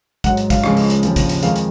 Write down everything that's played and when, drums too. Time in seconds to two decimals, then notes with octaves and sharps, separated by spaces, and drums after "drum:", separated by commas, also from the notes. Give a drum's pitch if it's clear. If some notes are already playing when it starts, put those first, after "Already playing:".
0.24 G#2 F#3 F#5, drum: kick, hi-hat
0.37 drum: hi-hat
0.50 F5, drum: kick, hi-hat
0.64 C#2 C#3 F3 G#3, drum: rim click
0.77 drum: open hi-hat
0.90 drum: hi-hat
1.03 D#2 C#3 F3, drum: hi-hat
1.16 drum: kick, hi-hat
1.29 drum: hi-hat
1.43 F2 D#3 G#3 F5, drum: hi-hat
1.56 drum: hi-hat